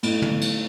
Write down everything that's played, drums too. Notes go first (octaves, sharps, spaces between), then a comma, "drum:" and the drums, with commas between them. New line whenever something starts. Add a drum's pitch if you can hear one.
A2, drum: cymbal
drum: tom
drum: cymbal